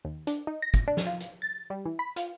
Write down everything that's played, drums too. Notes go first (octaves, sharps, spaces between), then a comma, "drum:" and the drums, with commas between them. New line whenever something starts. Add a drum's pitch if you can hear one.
D#2
D4, drum: hi-hat
D#4
A#6
drum: kick, hi-hat
D4
drum: snare
F4
drum: hi-hat
A6
G3
E3
B5
F4, drum: hi-hat